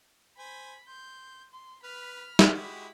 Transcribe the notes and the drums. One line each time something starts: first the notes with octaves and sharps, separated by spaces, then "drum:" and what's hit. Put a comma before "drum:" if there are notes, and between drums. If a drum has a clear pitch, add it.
C5 G#5 B5
C6 G6
C6
B4 B5 F6
drum: snare
G#3 E4 F#4 G4 B5